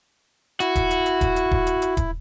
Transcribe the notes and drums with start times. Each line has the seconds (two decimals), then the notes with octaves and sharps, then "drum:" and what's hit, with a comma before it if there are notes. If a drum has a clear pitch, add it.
0.60 E4 F#4, drum: hi-hat
0.75 drum: kick D#1, hi-hat
0.91 drum: hi-hat
1.06 drum: hi-hat
1.21 drum: kick D#1, hi-hat
1.36 drum: hi-hat
1.51 drum: kick D#1
1.67 drum: hi-hat
1.82 drum: hi-hat
1.97 drum: kick D#1, hi-hat